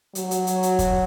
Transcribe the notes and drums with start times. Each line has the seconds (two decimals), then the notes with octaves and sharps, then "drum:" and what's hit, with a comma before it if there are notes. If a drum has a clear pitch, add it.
0.15 F#3, drum: hi-hat
0.31 drum: hi-hat
0.47 drum: hi-hat
0.63 drum: hi-hat
0.79 drum: kick, hi-hat